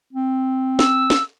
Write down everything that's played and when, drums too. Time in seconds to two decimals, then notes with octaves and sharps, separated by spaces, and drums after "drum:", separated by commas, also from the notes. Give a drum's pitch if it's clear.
0.13 C4
0.79 E6, drum: snare
1.10 drum: snare